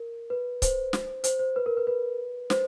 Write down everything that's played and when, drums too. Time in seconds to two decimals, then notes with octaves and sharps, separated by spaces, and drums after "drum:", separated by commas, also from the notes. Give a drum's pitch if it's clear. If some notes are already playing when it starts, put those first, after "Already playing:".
Already playing: A#4
0.30 B4
0.62 C5, drum: kick C#1, hi-hat
0.93 drum: snare
1.24 C5, drum: hi-hat
1.39 C5
1.56 B4
1.66 A#4
1.77 B4
1.87 B4
2.50 C5, drum: snare